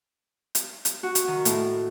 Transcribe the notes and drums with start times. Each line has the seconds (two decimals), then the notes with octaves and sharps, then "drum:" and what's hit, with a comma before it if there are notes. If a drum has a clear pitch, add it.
0.55 drum: hi-hat
0.85 drum: hi-hat
1.03 F#4
1.15 drum: hi-hat
1.28 D#3
1.45 A2, drum: hi-hat